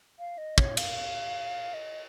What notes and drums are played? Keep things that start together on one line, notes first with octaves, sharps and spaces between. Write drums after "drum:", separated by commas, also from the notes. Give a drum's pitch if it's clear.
F5
D#5
C#5, drum: kick
F5, drum: cymbal
D#5